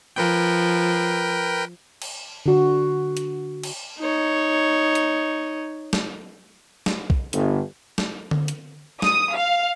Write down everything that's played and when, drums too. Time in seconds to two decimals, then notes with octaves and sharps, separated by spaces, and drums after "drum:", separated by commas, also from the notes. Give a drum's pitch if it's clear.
0.16 F3 A#4 B4 G5
2.02 drum: cymbal
2.46 D3 F#4
3.17 drum: hi-hat
3.63 drum: cymbal
3.99 D#4 C#5
4.95 drum: hi-hat
5.93 drum: snare
6.86 drum: snare
7.10 drum: kick B1
7.33 G1, drum: hi-hat
7.98 drum: snare
8.31 drum: tom D3
8.48 drum: hi-hat
9.02 D#6, drum: snare
9.34 F5